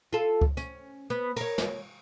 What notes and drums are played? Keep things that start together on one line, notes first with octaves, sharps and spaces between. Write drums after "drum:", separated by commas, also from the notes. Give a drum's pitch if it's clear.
F4 A4
drum: kick C#2
C#4, drum: hi-hat
B3
A#4 C#5, drum: cymbal
drum: snare